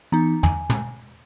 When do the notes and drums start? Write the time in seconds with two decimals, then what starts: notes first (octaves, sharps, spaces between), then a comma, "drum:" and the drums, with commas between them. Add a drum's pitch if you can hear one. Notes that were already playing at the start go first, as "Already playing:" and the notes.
0.12 E3 B3 D#4 A#5
0.43 G#5, drum: tom
0.70 drum: tom